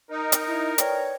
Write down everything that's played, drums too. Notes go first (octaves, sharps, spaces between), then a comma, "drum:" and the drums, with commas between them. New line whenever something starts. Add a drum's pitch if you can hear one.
D#4 A#4
drum: hi-hat
E4
B4 C#5 D5 G5, drum: hi-hat